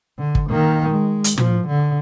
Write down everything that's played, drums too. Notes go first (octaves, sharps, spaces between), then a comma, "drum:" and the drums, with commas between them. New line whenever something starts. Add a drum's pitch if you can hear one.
D3
drum: kick
D#3 A#3
G#3
drum: hi-hat
F3, drum: tom
D3